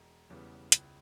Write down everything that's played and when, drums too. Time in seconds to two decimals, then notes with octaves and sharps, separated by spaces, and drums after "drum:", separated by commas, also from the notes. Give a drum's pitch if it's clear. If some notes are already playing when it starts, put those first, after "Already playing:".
Already playing: E1
0.30 E2 C#3 G3 B3
0.72 C#2, drum: hi-hat